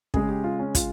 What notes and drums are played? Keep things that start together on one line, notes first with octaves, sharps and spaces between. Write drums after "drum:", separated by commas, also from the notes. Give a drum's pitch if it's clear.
C#3 G#3 G#4, drum: kick
G4
F4
C#4
F4, drum: kick, hi-hat